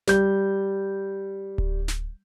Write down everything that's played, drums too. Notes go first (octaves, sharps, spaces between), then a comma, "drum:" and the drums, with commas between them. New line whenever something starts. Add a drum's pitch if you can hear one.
G3 G6, drum: snare
drum: kick D1
drum: snare